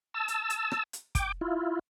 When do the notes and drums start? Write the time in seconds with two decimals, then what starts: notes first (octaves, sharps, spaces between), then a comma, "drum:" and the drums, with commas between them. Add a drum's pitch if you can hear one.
0.14 A5 E6
0.28 drum: hi-hat
0.50 drum: hi-hat
0.71 drum: rim click
0.93 drum: hi-hat
1.15 G5 D6, drum: kick, hi-hat
1.41 E4 F4